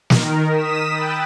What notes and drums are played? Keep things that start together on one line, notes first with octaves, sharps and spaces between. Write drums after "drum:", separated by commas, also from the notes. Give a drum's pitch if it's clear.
D#3 A#4, drum: snare
D#6 B6 E7
G5 B5 E6 F#6 A6